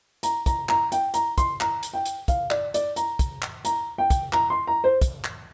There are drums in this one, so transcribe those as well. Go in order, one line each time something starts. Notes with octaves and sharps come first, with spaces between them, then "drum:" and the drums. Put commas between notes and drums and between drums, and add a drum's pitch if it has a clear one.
A#5, drum: hi-hat
A#5, drum: kick, hi-hat
A#5, drum: clap
G5, drum: hi-hat
A#5, drum: hi-hat
C6, drum: kick, hi-hat
A#5, drum: clap
drum: hi-hat
G5
drum: hi-hat
F5, drum: kick, hi-hat
D5, drum: clap
D5, drum: hi-hat
A#5, drum: hi-hat
drum: kick, hi-hat
drum: clap
A#5, drum: hi-hat
G5
drum: kick, hi-hat
A#5, drum: clap
C6
A#5
C5
drum: kick, hi-hat
drum: clap